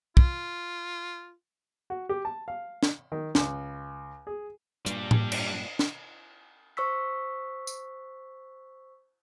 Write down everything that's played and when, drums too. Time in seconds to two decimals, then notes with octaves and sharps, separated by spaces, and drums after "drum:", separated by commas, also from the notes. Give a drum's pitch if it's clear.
0.17 F4, drum: kick
1.90 F#4
2.09 G4
2.25 A5
2.48 F5
2.83 drum: snare
3.12 D#3
3.35 C#2, drum: snare
4.27 G#4
4.86 G2 A#2 G3 D4, drum: hi-hat
5.11 drum: tom A2
5.32 drum: cymbal
5.79 drum: snare
6.77 C5 C#6 E6 B6
7.67 drum: tambourine